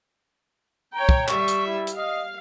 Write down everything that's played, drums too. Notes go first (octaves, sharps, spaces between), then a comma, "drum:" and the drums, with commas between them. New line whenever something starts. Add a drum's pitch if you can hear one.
C#5 G5 A#5
drum: kick
G3 E5 C#6, drum: clap
drum: hi-hat
E4
drum: hi-hat
D#5 F5